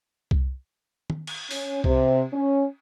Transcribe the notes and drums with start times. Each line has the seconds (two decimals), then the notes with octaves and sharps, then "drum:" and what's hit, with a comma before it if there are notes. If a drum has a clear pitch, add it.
0.31 drum: kick C2
1.10 drum: tom D#3
1.27 drum: cymbal
1.51 C#4, drum: open hi-hat
1.84 C3, drum: kick C2
2.34 C#4